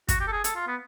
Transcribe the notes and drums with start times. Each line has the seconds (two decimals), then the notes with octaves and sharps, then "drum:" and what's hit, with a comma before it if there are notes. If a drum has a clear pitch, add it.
0.09 F#4, drum: kick, hi-hat
0.20 G4
0.27 A4
0.32 G#4
0.44 A4, drum: hi-hat
0.55 F4
0.67 B3